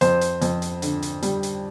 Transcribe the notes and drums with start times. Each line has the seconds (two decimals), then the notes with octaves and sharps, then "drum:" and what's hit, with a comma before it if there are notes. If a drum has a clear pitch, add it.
0.01 F2 C5, drum: hi-hat
0.21 drum: hi-hat
0.41 F2, drum: hi-hat
0.62 drum: hi-hat
0.82 D3, drum: hi-hat
1.02 drum: hi-hat
1.22 G3, drum: hi-hat
1.43 drum: hi-hat